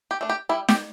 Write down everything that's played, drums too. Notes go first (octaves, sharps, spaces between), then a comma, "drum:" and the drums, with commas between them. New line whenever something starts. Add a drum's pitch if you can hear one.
G4
A3 D4
G4
G3 E4
G4, drum: snare